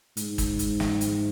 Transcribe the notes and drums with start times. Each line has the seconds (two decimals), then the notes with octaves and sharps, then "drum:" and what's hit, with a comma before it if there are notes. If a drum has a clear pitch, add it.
0.17 G#2, drum: hi-hat
0.38 drum: kick, hi-hat
0.59 drum: hi-hat
0.80 drum: snare
1.01 drum: hi-hat